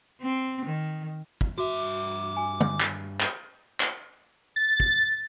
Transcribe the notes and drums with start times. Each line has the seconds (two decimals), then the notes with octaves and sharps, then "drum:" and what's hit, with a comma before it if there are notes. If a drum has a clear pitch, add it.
0.21 C4
0.66 D#3
1.41 drum: kick
1.58 G2 F#4 E5 D6
2.37 G#5
2.61 drum: tom
2.80 drum: clap
3.20 drum: clap
3.80 drum: clap
4.56 A6
4.80 drum: kick